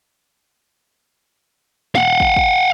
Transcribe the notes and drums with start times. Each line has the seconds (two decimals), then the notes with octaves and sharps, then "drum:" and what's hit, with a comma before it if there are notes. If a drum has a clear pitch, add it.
1.95 F5 F#5, drum: snare
2.20 drum: kick
2.36 drum: kick